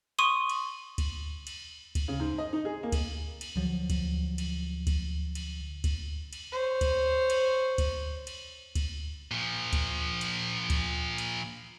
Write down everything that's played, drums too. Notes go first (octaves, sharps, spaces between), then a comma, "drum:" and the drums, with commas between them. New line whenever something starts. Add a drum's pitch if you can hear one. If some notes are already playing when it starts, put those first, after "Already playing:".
C6 C#6 D#6 D#7 G7
drum: cymbal
drum: kick D2, cymbal
drum: cymbal
drum: kick D2, cymbal
C#3
G#2
D#5
D#4
G#4
A#3
drum: kick D2, cymbal
drum: cymbal
D2 F3 F#3
drum: kick D2, cymbal
drum: cymbal
drum: kick D2, cymbal
drum: cymbal
drum: kick D2, cymbal
drum: cymbal
C5 C#5
drum: kick D2, cymbal
drum: cymbal
drum: kick D2, cymbal
drum: cymbal
drum: kick D2, cymbal
A#2 F3
drum: kick D2, cymbal
drum: cymbal
drum: kick D2, cymbal
drum: cymbal